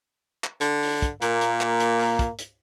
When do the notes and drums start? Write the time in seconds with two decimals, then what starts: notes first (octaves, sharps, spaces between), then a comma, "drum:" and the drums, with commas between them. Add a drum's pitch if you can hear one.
0.44 drum: clap
0.61 D3, drum: hi-hat
0.83 drum: open hi-hat
1.02 drum: kick, hi-hat
1.22 A#2 A#3, drum: hi-hat
1.41 drum: hi-hat
1.61 drum: clap
1.80 drum: hi-hat
2.00 drum: open hi-hat
2.19 drum: kick, hi-hat
2.39 drum: hi-hat